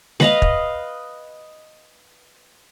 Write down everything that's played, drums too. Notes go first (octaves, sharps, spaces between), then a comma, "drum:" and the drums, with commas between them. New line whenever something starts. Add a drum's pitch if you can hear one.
B4 D#5 F5, drum: snare G#3
drum: kick